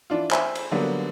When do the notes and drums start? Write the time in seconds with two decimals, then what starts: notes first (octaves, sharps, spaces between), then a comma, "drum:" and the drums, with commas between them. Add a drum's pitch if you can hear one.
0.10 E3 D4 F4
0.31 C5 E5 G#5 B5 E6, drum: clap
0.55 drum: cymbal
0.71 D3 F#3 G3 A#3 B3